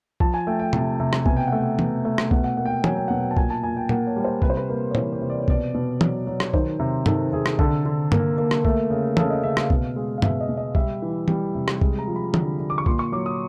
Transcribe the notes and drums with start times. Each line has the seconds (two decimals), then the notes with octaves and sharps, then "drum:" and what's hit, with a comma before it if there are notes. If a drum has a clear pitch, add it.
0.20 F3 A5, drum: kick B1
0.34 G#5
0.47 A3 G5
0.60 G5
0.73 C3 G5, drum: tom
1.00 C3
1.13 drum: rim click
1.26 B2 G#5, drum: kick B1
1.37 G5
1.47 A3 F#5
1.58 G5
1.79 B2, drum: tom
2.05 A3
2.18 drum: rim click
2.31 B2 F#5, drum: kick B1
2.44 F#5
2.57 A#3 F#5
2.66 G5
2.70 F#5
2.84 F#3 G#5, drum: tom
2.97 G5
3.08 B2 F#5
3.20 G5
3.31 A5
3.37 A#2 G#5, drum: kick B1
3.50 A5
3.63 A#2 G#5
3.77 G5
3.89 A#3 F#5, drum: tom
4.07 C#5
4.16 G3
4.25 C5
4.42 C3 B4, drum: kick B1
4.50 C5
4.57 B4
4.69 A#3 B4
4.91 C#5
4.95 E3 C5, drum: tom
5.13 C#5
5.21 C3
5.30 D5
5.40 C#5
5.48 B2 D5, drum: kick B1
5.74 B2
6.01 F#3, drum: tom
6.27 F#3
6.40 drum: rim click
6.54 D#3 C5, drum: kick B1
6.79 C3
7.06 D#3 A4, drum: tom
7.33 C3 G#4
7.46 drum: rim click
7.59 D3 A4, drum: kick B1
7.85 D3
8.12 A#3, drum: tom
8.38 A#3
8.51 drum: rim click
8.65 A3, drum: kick B1
8.90 C#3
9.17 C#3 A4, drum: tom
9.30 D#5
9.43 C#3 E5
9.57 F5, drum: rim click
9.70 B2, drum: kick B1
9.96 G#3
10.18 F5
10.22 B2 E5, drum: tom
10.41 D#5
10.49 B2
10.57 D#5
10.75 G3 E5, drum: kick B1
11.02 E3
11.28 G3, drum: tom
11.55 C3
11.68 drum: rim click
11.81 G#3, drum: kick B1
11.99 A#5
12.07 F3
12.16 B5
12.34 D3, drum: tom
12.60 D3
12.70 D6
12.78 C#6
12.86 A#2 C6, drum: kick B1
12.99 C#6
13.12 F#3 D6
13.26 D#6